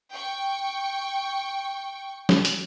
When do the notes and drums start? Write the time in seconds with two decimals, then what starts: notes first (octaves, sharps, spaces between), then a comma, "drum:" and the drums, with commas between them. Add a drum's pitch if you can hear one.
0.12 G5 C#6
2.29 drum: snare
2.45 drum: hi-hat